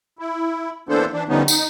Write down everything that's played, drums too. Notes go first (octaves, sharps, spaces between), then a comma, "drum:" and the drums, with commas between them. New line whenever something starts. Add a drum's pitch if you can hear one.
E4
E3 A#3 B3 D4 A4 C5
E3 D4
D3 F3 G3 B3 C#4 D#4
D#4, drum: tambourine